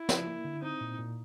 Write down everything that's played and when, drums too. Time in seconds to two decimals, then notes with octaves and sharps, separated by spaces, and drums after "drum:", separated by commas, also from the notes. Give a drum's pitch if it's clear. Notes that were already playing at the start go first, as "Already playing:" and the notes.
Already playing: E4
0.09 F3, drum: snare
0.27 A#3
0.45 D3
0.62 C4 D#4
0.81 A#2
0.99 A#2